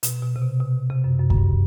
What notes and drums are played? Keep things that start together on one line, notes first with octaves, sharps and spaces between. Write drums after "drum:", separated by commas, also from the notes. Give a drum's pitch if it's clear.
B2, drum: hi-hat
B2
C3
B2
B2
C3
F#2
F#2
F#2, drum: kick C#2
G2